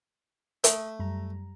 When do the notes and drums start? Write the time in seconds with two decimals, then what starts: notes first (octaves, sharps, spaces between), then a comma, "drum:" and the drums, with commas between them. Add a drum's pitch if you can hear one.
0.64 A3 E5, drum: hi-hat
0.99 F#2 G3 A#5